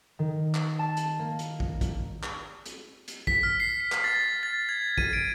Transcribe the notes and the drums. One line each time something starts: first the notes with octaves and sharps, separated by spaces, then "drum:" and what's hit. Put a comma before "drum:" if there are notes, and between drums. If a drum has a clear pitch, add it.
D#3
drum: clap
A5
drum: hi-hat
A#3
drum: hi-hat
drum: kick
drum: kick, hi-hat
drum: clap
drum: hi-hat
drum: hi-hat
B6, drum: kick
F6
C7
C7
drum: clap
A6
A6
G#6
D#7, drum: kick
D7